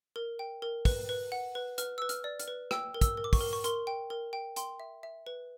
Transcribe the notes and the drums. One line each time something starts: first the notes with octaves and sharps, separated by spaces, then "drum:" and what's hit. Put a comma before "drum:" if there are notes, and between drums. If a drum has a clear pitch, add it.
A#4
G5
A#4
B4 F#6, drum: kick, open hi-hat
B4
F#5
B4
B4 F6, drum: hi-hat
B4 E6
F6, drum: hi-hat
D5
F6, drum: hi-hat
B4
G5 E6, drum: rim click
A#4
E6, drum: kick, hi-hat
A#4
D6
C#6, drum: kick, open hi-hat
A#4
C#6
A#4 C6, drum: hi-hat
G5
A#4
G5
G5 C6, drum: hi-hat
E5
E5
B4